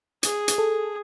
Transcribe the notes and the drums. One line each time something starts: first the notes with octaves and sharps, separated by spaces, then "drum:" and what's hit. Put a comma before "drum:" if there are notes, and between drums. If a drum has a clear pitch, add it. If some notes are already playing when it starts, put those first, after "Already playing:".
G#4, drum: hi-hat
drum: hi-hat
A4